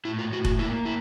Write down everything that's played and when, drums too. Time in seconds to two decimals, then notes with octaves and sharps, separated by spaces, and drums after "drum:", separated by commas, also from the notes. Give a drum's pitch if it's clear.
0.05 A2 E4
0.19 F4
0.32 A2 F#4
0.45 F#4, drum: kick F1
0.59 A#3 E4
0.85 E4